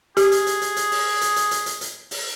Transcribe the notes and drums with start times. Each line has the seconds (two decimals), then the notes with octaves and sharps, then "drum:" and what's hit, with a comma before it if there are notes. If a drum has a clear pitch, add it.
0.17 G4 G#4, drum: hi-hat
0.32 drum: hi-hat
0.47 drum: hi-hat
0.62 drum: hi-hat
0.77 drum: hi-hat
0.91 drum: open hi-hat
1.21 drum: hi-hat
1.36 drum: hi-hat
1.51 drum: hi-hat
1.66 drum: hi-hat
1.81 drum: hi-hat
2.11 drum: open hi-hat